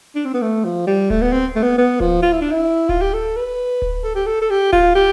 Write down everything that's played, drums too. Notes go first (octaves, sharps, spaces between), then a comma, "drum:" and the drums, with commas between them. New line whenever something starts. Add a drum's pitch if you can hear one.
D4
C4
B3
A3
F3
G3
A3, drum: kick D1
B3
C4
A3
B3
B3
F3, drum: kick D1
F4
E4
D4
E4
F4, drum: kick D1
G4
A4
B4
drum: kick D1
A4
G4
A4
A4
G4
F4, drum: kick D1
G4